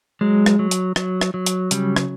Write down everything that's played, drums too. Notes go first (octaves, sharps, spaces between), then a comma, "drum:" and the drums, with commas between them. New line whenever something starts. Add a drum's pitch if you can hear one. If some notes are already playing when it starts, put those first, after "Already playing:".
F#3 G#3
drum: rim click
F#3
drum: hi-hat
F#3, drum: rim click
drum: rim click
F#3
drum: hi-hat
C#3 G3, drum: hi-hat
drum: rim click